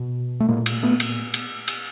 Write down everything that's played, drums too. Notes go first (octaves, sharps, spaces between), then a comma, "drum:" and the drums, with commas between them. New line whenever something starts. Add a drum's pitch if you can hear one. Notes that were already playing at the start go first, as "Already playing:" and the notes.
Already playing: B2
A3
A#2 G#3 A#3
drum: cymbal
A3 B3
drum: cymbal
drum: cymbal
drum: cymbal